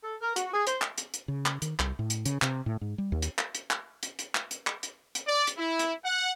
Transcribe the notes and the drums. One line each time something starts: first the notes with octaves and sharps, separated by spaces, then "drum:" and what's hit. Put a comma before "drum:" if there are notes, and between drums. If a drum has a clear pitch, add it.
A4
A#4
F#4, drum: hi-hat
G#4
C5, drum: hi-hat
drum: clap
drum: hi-hat
drum: hi-hat
C#3
drum: clap
D#3, drum: hi-hat
C2, drum: clap
A2
drum: hi-hat
C#3, drum: hi-hat
C3, drum: clap
A2
G#2
G3
D#2
drum: hi-hat
drum: clap
drum: hi-hat
drum: clap
drum: hi-hat
drum: hi-hat
drum: clap
drum: hi-hat
drum: clap
drum: hi-hat
drum: hi-hat
D5
drum: hi-hat
E4
drum: hi-hat
F#5